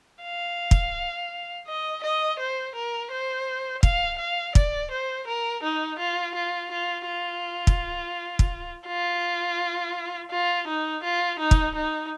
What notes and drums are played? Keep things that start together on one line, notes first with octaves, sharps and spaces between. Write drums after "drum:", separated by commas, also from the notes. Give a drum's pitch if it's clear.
F5
drum: kick
D#5
D#5
C5
A#4
C5
F5, drum: kick
F5
D5, drum: kick
C5
A#4
D#4
F4
F4
F4
F4
drum: kick
drum: kick
F4
F4
D#4
F4
D#4
drum: kick
D#4